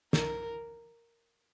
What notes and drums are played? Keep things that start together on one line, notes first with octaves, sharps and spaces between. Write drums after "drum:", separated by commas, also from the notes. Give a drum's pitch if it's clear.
A#4, drum: snare